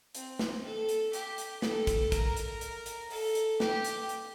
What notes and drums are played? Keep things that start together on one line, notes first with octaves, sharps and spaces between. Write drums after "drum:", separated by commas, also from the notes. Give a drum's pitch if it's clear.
C4, drum: hi-hat
drum: snare
A4
drum: hi-hat
G4, drum: hi-hat
drum: hi-hat
A4, drum: snare
drum: kick, hi-hat
A#4, drum: kick, hi-hat
drum: hi-hat
drum: hi-hat
drum: hi-hat
A4, drum: open hi-hat
drum: hi-hat
G4, drum: snare
drum: hi-hat
drum: hi-hat